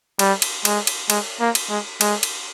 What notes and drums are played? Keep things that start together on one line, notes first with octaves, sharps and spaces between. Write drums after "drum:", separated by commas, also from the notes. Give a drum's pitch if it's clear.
G3, drum: cymbal
drum: cymbal
G#3, drum: cymbal
drum: cymbal
G#3, drum: cymbal
A#3
drum: cymbal
G#3
G#3, drum: cymbal
drum: cymbal